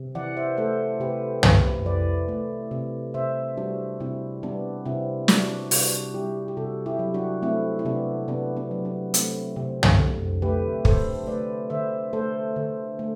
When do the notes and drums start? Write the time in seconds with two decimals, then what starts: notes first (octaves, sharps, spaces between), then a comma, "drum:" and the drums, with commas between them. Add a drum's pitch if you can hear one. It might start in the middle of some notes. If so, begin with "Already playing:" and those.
Already playing: C3
0.15 E3 D5 F#5
0.37 C5 E5
0.57 A3 A4 C5
1.00 C3 G4 B4
1.43 C3 G4 B4, drum: tom
1.86 E3 B4 D5
2.28 A3
2.71 C3
3.14 C3 C5 E5
3.57 G3 D4 F#4
4.00 C3 C4 E4
4.43 G3 B3 D4
4.86 C3 C4 E4
5.28 G3 D4 F#4, drum: snare
5.71 C3 D4 F#4, drum: open hi-hat
6.14 G3 E4 G4
6.48 G4
6.57 C3 F#4 A4
6.86 E4 G4
6.99 F#3
7.14 D4 F#4
7.42 A3 C4 E4
7.79 E4
7.85 C3 B3 D4
8.28 C3 B3 D4
8.57 B3 D4
8.71 F#3
8.85 B3 D4
9.14 A3 C4, drum: hi-hat
9.56 C3 C4
9.83 drum: tom
9.99 D3
10.42 A3 G4 B4
10.85 D3 A4 C5, drum: kick
11.27 A3 B4 D5
11.70 D3 C5 E5
12.13 A3 A4 C5
12.56 D3
12.99 A3